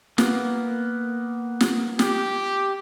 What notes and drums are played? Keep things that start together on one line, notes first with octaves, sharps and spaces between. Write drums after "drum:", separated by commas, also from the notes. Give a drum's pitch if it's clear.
A#3 B3, drum: snare
drum: snare
G4, drum: snare